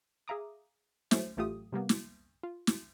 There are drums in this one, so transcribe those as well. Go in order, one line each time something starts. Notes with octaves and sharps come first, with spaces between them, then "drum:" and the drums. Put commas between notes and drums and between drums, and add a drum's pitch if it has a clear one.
G#4 E5 F5 A#5 D6 D#6
F#3 A3 C#4 C5 E5, drum: snare
A1 F#3 A3 F4 G4 D#6
C3 G3 A#3 B3
drum: snare
F4
drum: snare